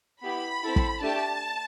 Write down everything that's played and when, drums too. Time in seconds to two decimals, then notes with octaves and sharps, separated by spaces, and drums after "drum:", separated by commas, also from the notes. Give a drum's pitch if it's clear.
0.22 B3 E4 G4 B5
0.63 C4 E4 A4
0.76 drum: kick
1.02 A3 D4 G4 A5